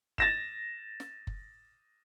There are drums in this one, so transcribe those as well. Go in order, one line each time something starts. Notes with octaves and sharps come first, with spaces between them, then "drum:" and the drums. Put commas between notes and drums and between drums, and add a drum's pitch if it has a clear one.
A6 A#6 E7, drum: kick F#1
drum: snare
drum: kick F#1